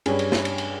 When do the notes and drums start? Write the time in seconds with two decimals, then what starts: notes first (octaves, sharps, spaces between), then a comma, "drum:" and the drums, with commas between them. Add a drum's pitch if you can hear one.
0.06 G2 G3 C#4 G#4, drum: cymbal
0.19 drum: cymbal
0.32 drum: snare
0.45 drum: cymbal
0.58 drum: cymbal